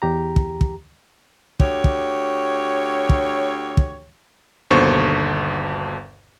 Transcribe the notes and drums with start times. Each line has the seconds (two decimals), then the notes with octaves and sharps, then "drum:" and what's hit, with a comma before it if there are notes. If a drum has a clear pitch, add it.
0.02 E2 G4 A#5
0.36 drum: kick
0.61 drum: kick
1.60 D2 G4 C#5, drum: kick
1.84 drum: kick
3.09 drum: kick
3.77 drum: kick
4.70 G1 D#2 B2 D3 C5 C#6